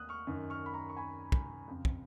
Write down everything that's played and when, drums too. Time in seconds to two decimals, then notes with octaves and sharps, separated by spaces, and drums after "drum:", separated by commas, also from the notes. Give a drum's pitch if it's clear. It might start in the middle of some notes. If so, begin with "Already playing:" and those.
Already playing: D#2 D#6 F#6
0.09 C#6 F6
0.27 F#2 D#3
0.50 C#6 F6
0.66 B5
0.74 A#5 C#6
0.89 C#6
0.97 G#5 B5
1.32 drum: kick
1.68 F2 C#3
1.85 drum: kick